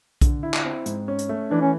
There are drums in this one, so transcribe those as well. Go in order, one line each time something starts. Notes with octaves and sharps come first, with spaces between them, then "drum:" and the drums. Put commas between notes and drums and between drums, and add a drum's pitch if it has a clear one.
D3, drum: kick B1, hi-hat
E4
drum: clap
C4
G#2, drum: hi-hat
C#4
drum: hi-hat
A3
E3 D4
C#4